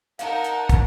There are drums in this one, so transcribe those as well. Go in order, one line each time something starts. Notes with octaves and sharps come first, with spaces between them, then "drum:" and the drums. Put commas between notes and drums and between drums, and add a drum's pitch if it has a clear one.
D#4 A#4 F5 F#5 A5, drum: hi-hat
drum: hi-hat
drum: kick, hi-hat